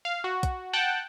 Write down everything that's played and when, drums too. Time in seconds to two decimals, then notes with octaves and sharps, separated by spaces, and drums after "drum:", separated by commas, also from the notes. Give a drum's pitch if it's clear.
0.05 F5
0.24 F#4
0.43 drum: kick, hi-hat
0.73 F#5 G5 A5 F#6